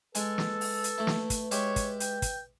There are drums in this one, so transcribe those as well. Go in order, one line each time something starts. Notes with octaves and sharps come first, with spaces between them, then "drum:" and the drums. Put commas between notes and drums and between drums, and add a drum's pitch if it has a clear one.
G#3 A4 B4 G#5, drum: hi-hat
drum: snare
drum: open hi-hat
drum: hi-hat
A3 E4
drum: snare
drum: kick, hi-hat
G#3 G4 C#5 E5, drum: hi-hat
drum: kick, hi-hat
G5, drum: hi-hat
drum: kick, hi-hat